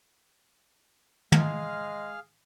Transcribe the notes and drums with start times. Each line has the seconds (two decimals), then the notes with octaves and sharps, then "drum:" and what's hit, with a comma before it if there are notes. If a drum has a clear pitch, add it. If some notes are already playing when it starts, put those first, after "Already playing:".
1.32 G#3 G#4 F5 F6, drum: tom